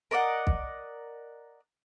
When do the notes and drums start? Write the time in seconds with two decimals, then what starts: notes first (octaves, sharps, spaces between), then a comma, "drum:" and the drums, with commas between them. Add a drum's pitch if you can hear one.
0.11 A#4 D5 D#5 F#5
0.47 drum: kick